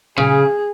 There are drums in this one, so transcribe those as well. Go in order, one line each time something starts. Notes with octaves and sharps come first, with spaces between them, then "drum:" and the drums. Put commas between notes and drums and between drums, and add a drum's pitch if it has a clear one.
C#3 G#4, drum: tom A#2